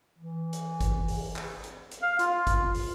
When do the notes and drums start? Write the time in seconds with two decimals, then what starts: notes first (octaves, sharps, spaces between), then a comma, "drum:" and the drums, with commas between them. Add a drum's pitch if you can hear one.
0.19 E3
0.53 drum: hi-hat
0.81 drum: kick G1, hi-hat
1.08 drum: open hi-hat
1.36 drum: clap
1.64 drum: hi-hat
1.91 drum: hi-hat
2.02 F5
2.19 F4, drum: hi-hat
2.47 drum: kick G1, hi-hat
2.74 drum: open hi-hat